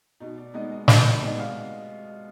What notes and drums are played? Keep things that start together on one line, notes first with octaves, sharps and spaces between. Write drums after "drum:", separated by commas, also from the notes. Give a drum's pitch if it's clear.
B2 D#4
D5
G#3 B3 D#4 D#5
D#5
B2 D#5, drum: snare
D5
G#3 B3 D#4 D#5
F5